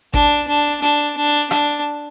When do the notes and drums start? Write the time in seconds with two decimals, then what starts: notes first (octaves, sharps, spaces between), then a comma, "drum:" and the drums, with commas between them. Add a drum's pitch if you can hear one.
0.14 D4, drum: kick G#1, hi-hat
0.47 D4
0.82 D4, drum: hi-hat
1.17 D4
1.51 D4, drum: rim click